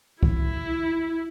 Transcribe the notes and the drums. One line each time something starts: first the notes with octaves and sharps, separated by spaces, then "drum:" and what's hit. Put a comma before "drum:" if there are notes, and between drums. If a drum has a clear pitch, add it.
E4, drum: kick C2